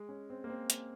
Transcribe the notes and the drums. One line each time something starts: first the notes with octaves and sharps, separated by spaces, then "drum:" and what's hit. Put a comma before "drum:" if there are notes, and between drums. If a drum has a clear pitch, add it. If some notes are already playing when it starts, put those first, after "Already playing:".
Already playing: G#3
C#4
C4
A#3
C4
drum: hi-hat